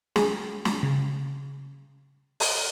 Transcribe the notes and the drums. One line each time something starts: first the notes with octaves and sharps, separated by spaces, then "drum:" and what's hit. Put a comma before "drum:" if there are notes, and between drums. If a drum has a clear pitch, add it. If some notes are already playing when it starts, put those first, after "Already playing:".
G#4, drum: snare
drum: snare
C#3
drum: open hi-hat